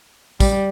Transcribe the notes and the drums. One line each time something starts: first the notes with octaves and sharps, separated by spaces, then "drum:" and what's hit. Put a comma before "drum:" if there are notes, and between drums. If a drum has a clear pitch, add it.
G3, drum: kick, tambourine